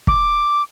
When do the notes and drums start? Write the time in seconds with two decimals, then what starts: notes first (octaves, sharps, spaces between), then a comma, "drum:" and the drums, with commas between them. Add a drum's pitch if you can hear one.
0.07 D6, drum: kick